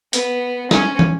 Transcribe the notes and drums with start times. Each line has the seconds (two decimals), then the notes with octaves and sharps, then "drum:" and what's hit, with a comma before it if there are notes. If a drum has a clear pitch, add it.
0.13 B3, drum: hi-hat
0.71 C#4, drum: snare
0.99 drum: tom